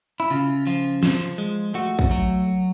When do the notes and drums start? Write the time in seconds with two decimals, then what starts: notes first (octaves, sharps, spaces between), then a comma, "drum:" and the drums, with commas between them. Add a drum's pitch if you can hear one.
0.20 E4
0.31 C#3 F4
0.67 F3 F4
1.03 F3, drum: snare
1.38 G#3
1.74 A3 F#4
1.99 drum: kick
2.11 F#3